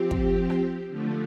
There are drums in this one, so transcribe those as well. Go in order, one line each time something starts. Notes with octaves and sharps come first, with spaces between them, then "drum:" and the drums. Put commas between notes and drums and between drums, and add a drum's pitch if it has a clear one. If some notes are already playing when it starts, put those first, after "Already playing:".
Already playing: F3 C4 G4
drum: kick
drum: rim click
D3 F3 A3